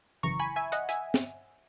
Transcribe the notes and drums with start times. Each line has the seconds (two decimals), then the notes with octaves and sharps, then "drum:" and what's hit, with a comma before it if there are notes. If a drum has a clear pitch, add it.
0.23 G#1 F#2 C#3 E3 A#5 C#6
0.40 G#5 B5
0.56 E5 G#5
0.72 D#5 F#5, drum: hi-hat
0.89 E5 G#5, drum: hi-hat
1.14 drum: snare